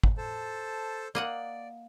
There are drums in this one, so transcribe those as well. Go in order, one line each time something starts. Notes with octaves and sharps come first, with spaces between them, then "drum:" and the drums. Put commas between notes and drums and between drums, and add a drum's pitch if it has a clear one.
drum: kick
A4 C5 A5
A#3 D5 D#5 F#5